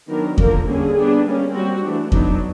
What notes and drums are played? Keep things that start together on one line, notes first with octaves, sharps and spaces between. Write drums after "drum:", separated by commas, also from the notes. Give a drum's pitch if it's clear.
D#3 F#3 B3 D4 A#4
D3 F3 A#3 D4 A#4, drum: kick E2
D3 G3 A#3 C#4 G#4
G3 B3 D4
G3 A#3 C#4
G3 C4 F#4
E3 A3 D4
F#3 B3 D4 D#4, drum: kick E2